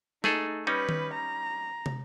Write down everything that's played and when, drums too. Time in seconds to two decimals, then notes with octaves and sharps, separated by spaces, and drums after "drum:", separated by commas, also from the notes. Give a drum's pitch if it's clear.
0.24 A3 D#4 G#4 A4, drum: snare
0.67 G3 C#4 D#4 B4
0.89 drum: tom D#3
1.14 A#5
1.86 drum: tom